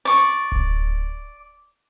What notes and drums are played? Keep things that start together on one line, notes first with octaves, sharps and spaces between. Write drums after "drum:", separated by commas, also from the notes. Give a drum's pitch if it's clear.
D5 C#6
drum: kick D1